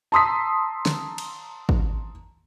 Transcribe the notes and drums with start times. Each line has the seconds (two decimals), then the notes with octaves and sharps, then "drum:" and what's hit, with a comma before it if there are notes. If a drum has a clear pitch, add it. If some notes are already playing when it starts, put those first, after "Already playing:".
0.12 A5 A#5 C6 D#6 E6 B6
0.86 drum: snare
1.18 drum: cymbal
1.69 drum: kick